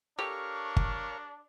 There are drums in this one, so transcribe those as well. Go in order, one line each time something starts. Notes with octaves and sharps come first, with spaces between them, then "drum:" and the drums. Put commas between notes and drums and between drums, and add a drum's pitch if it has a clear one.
D4 G4 A4 A#4 C#5 F5 C#6
drum: kick G1